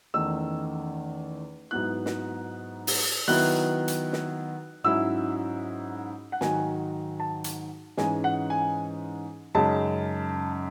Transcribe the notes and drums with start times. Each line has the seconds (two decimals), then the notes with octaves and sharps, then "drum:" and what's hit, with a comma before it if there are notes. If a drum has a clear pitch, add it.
0.14 E2 D#3 A3 C#4 E6
1.71 G#2 F#3 B3 E4 F#6
2.06 drum: snare
2.87 drum: open hi-hat
3.28 D#3 F#3 B3 E4 F#6
3.88 drum: hi-hat
4.13 drum: snare
4.84 G#2 F#3 C#4 E4 E6
6.32 F#5
6.41 G#2 D#3 F#3 G#5, drum: snare
7.20 A5
7.44 drum: hi-hat
7.97 G#2 E3 G#3 C#4 G#5, drum: snare
8.24 F#5
8.50 G#5
9.55 F#2 C#3 G#3 D#4 A5